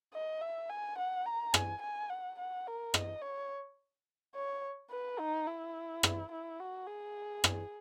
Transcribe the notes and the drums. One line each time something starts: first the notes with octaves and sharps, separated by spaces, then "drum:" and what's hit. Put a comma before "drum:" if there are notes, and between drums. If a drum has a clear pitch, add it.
D#5
E5
G#5
F#5
A#5
G#5, drum: rim click
G#5
F#5
F#5
A#4
D#5, drum: rim click
C#5
C#5
B4
D#4
E4
drum: rim click
E4
F#4
G#4
drum: rim click